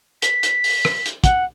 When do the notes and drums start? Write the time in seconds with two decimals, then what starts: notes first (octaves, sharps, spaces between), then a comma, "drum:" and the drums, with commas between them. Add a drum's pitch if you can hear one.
0.22 B6, drum: hi-hat
0.43 drum: hi-hat
0.64 drum: open hi-hat
0.85 drum: rim click
1.06 drum: hi-hat
1.24 F#5, drum: kick, hi-hat